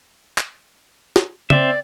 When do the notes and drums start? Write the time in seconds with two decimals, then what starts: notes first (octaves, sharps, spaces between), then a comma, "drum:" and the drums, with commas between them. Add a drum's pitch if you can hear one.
0.38 drum: clap
1.16 drum: snare
1.50 C4 D5 E5, drum: tom